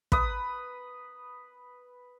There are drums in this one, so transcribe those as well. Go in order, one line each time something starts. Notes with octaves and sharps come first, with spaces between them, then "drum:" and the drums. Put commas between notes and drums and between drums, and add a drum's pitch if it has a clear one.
B4 D#6, drum: kick